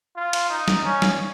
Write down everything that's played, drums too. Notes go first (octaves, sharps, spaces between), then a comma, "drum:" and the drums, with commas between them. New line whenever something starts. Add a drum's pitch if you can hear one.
F4
drum: cymbal
D#4
drum: snare
C#4
drum: snare